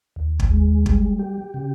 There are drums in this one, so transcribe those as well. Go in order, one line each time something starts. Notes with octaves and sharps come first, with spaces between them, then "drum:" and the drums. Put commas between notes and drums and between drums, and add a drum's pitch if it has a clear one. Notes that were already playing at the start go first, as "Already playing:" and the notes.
D#2
drum: kick
G#3
G3, drum: kick
G4
C#3